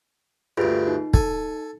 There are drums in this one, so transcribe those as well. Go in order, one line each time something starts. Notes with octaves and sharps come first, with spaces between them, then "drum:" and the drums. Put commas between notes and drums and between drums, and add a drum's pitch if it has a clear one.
D2 G2 F4 G#4 B4
D#4
A4 G#5, drum: kick